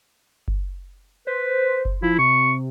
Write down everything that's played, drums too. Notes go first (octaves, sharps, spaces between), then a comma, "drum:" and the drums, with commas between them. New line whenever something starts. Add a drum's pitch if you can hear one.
drum: kick F#1
B4 C5
drum: kick F#1
F3 E4
C3 C#6